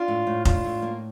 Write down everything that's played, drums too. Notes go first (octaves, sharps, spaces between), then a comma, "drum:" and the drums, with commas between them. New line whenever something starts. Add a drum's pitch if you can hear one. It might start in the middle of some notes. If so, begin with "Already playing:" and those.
Already playing: D4 F4
A2
A2
D4 F4, drum: kick F1
A2
A#3